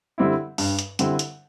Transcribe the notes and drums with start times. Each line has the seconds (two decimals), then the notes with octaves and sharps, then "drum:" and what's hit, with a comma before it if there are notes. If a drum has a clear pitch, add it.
0.18 D3 G3 C4 E4
0.58 G2, drum: open hi-hat
0.79 drum: hi-hat
0.99 D3 G3 C4 E4, drum: hi-hat
1.19 drum: hi-hat